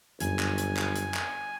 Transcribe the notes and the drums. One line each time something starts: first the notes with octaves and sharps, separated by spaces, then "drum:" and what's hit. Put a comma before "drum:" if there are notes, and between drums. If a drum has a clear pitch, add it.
G1 F#2 G#5, drum: hi-hat
drum: clap
drum: hi-hat
drum: clap
drum: hi-hat
drum: clap